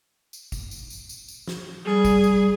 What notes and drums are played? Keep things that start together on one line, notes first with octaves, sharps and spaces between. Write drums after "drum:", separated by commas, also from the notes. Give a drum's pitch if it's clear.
drum: tambourine
drum: kick, tambourine
drum: tambourine
drum: tambourine
drum: tambourine
drum: tambourine
drum: snare
G3 G#4
drum: kick, tambourine
drum: tambourine